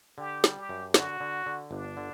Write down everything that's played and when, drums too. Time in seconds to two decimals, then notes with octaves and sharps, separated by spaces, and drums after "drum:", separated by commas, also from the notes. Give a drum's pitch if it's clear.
0.18 D3 G4
0.44 G3, drum: snare
0.57 G4
0.69 F#2
0.94 D3 F#4, drum: snare
1.20 D3
1.46 D3
1.71 G1 D4
1.97 D3